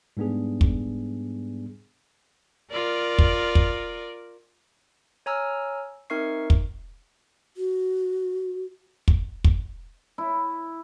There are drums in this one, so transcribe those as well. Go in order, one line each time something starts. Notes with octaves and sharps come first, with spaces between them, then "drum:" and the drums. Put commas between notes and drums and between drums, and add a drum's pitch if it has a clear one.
G#2 G3 B3 D4 G#4
drum: kick
F4 A#4 D5
drum: kick
drum: kick
C#5 G#5 A#5 E6 F6
C4 D#4 A#4 E5 C#6 C7
drum: kick
F#4
drum: kick
drum: kick
E4